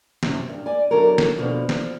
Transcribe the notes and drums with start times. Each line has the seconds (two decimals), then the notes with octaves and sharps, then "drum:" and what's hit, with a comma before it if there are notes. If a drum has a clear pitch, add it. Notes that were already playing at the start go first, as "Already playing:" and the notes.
0.23 F#2 C3, drum: snare
0.50 G2
0.66 D5 G#5
0.91 E2 D3 F#3 A4 A#4
1.18 drum: snare
1.38 D#2 B2 D3 F3
1.69 F3, drum: snare